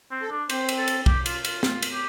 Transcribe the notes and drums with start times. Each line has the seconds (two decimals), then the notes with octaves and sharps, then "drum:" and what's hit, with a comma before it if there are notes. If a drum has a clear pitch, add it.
0.11 C4
0.21 A4
0.31 D4
0.50 C4 C5, drum: cymbal
0.69 drum: cymbal
0.78 A4
0.88 drum: cymbal
1.06 G4, drum: kick
1.26 F4, drum: cymbal
1.45 F4, drum: cymbal
1.63 F4, drum: snare
1.82 drum: cymbal
1.92 G4